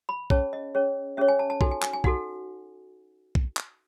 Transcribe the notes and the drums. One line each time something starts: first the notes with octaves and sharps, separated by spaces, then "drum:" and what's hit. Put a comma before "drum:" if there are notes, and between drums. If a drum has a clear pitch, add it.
B5
C#4 G#4 C#5 A5, drum: kick
D#5
C#4 G#4 C#5
C#4 G#4 C#5 E5
G#5
A5
A5
D#4 F#4 A4 G#5, drum: kick
G#5
G#5, drum: clap
G#5
D#4 F#4 A4 F#5, drum: kick
drum: kick
drum: clap